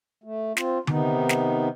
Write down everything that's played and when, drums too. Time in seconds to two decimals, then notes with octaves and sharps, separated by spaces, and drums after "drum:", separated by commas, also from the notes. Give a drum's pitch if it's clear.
0.24 A3
0.57 C4 F4, drum: snare
0.87 C3 D#3 B3 D#4, drum: tom D3
1.29 drum: snare